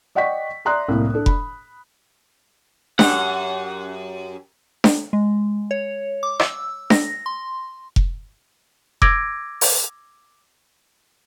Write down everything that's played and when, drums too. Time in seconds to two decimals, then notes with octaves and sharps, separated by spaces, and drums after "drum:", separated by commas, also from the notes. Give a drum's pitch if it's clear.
0.15 D5 D#5 F#5 G5 C#6 B6
0.65 D5 E5 A#5 C6 D#6 F#6
0.89 C2 A2 A#3
1.14 D4 A4
1.26 B5, drum: kick F1
2.99 F#2 G4 F#5, drum: snare D4
4.84 drum: snare D4
5.13 G#3
5.71 C#5
6.23 D6
6.40 E6, drum: rim click
6.90 A#6, drum: snare D4
7.26 C6
7.96 drum: kick F1
9.02 D6 E6 G#6 A#6 D7, drum: kick F1
9.61 drum: open hi-hat